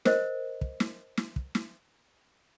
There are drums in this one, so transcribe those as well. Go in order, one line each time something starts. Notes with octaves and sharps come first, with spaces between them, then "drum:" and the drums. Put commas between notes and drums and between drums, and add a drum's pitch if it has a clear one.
A#4 C5 D#5, drum: snare
drum: kick
drum: snare
drum: snare
drum: kick
drum: snare